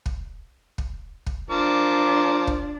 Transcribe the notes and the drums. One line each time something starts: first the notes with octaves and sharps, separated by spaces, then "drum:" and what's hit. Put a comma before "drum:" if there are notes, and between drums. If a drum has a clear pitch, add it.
drum: kick
drum: kick
drum: kick
F3 D4 A#4 D6
drum: kick